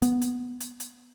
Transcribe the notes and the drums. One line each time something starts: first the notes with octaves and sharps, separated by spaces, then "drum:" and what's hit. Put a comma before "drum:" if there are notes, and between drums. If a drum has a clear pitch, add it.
B3, drum: hi-hat
drum: hi-hat
drum: hi-hat
drum: hi-hat